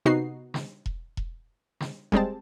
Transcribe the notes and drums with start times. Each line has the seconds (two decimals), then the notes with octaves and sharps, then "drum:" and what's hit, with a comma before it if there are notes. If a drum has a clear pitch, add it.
0.06 C3 B3 D#4 F#4 C7
0.54 drum: snare
0.86 drum: kick E1
1.17 drum: kick E1
1.80 drum: snare
2.12 G3 G#3 C4 A5, drum: kick E1